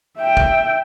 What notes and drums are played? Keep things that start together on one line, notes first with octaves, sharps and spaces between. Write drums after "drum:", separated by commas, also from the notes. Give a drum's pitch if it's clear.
E5 G5
drum: kick